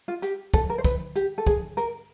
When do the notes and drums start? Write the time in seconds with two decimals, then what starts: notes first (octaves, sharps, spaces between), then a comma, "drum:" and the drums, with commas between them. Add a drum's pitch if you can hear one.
0.08 F4
0.22 G4, drum: hi-hat
0.54 A4, drum: kick
0.70 A#4
0.78 C5
0.84 B4, drum: kick, hi-hat
1.16 G4, drum: hi-hat
1.38 A4
1.47 G#4, drum: kick, hi-hat
1.77 A#4, drum: hi-hat